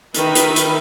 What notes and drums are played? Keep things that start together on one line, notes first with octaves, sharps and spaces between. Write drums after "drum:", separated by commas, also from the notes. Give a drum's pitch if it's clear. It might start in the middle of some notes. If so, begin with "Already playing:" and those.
D#3 A#4 B4 E5 B5, drum: hi-hat
drum: hi-hat
drum: hi-hat